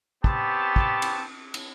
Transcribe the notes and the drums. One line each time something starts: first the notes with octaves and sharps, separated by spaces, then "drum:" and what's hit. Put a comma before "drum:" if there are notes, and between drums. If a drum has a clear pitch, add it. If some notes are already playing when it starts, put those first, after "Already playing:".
B3 C4 G4 C#5 A5 B5, drum: kick
drum: kick
drum: cymbal
drum: cymbal